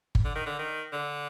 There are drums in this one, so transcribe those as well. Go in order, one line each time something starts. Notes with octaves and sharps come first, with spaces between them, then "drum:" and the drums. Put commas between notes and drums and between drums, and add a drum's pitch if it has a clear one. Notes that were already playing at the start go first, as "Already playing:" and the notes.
drum: kick G1
D3
D#3
D3
D#3
D3